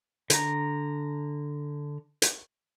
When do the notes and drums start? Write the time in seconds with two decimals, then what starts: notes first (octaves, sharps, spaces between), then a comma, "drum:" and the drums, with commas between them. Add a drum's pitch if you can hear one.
0.30 D3 A#5, drum: hi-hat
2.22 drum: hi-hat